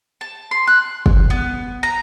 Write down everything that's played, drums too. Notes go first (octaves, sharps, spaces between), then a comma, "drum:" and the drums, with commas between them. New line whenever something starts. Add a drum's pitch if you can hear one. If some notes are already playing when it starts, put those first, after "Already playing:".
A5
C6
F#6
drum: kick
B3
A#5